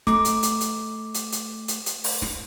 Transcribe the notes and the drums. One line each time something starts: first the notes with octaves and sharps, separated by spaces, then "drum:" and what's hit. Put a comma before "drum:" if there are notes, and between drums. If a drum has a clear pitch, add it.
A3 D6, drum: snare
drum: hi-hat
drum: hi-hat
drum: hi-hat
drum: hi-hat
drum: hi-hat
drum: hi-hat
drum: hi-hat
drum: open hi-hat
drum: snare